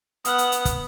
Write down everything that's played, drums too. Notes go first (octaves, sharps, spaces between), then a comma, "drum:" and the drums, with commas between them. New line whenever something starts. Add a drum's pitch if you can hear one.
B3 F#5 D#6 F6 F#6, drum: hi-hat
drum: hi-hat
drum: hi-hat
drum: kick, hi-hat